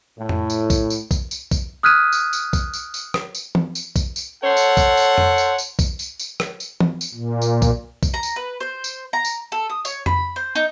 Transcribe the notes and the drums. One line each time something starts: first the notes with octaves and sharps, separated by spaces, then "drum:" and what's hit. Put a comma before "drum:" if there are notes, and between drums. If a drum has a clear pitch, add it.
A2
drum: tom F2
drum: tambourine
drum: kick, tambourine
drum: tambourine
drum: kick, tambourine
drum: tambourine
drum: kick, tambourine
D#6 F6 F#6 G#6 B6 D#7
drum: tambourine
drum: tambourine
drum: kick, tambourine
drum: tambourine
drum: tambourine
drum: rim click
drum: tambourine
drum: tom E3
drum: tambourine
drum: kick, tambourine
drum: tambourine
A4 C5 C#5 F#5
drum: tambourine
drum: kick, tambourine
drum: tambourine
drum: tom F2
drum: tambourine
drum: tambourine
drum: kick, tambourine
drum: tambourine
drum: tambourine
drum: rim click
drum: tambourine
drum: tom E3
drum: tambourine
A#2
drum: tambourine
drum: kick, tambourine
drum: kick, tambourine
A#5
drum: tambourine
B4
C5
drum: tambourine
A#5
drum: tambourine
A4
D#6
C#5, drum: tambourine
B5, drum: tom F2
C5
D#4